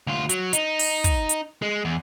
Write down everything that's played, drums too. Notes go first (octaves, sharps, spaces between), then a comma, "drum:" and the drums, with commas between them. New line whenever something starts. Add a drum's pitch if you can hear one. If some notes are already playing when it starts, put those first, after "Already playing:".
D2 F4
F#3, drum: hi-hat
D#4, drum: hi-hat
drum: open hi-hat
drum: kick, hi-hat
drum: hi-hat
G#3
E2